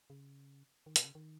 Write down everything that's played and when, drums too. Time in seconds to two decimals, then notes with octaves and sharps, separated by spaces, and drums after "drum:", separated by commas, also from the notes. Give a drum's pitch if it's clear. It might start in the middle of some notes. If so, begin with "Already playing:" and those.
0.10 C#3
0.86 D#3
0.96 B2, drum: hi-hat
1.05 C#3
1.15 D#3